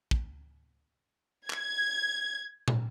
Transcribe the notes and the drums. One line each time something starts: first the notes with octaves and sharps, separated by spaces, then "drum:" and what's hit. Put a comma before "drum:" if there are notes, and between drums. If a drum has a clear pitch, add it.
drum: kick
G#6, drum: clap
drum: tom